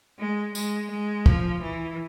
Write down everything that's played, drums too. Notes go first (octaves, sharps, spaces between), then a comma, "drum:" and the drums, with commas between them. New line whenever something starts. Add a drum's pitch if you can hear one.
G#3
G#3, drum: tambourine
G#3
F3, drum: kick
E3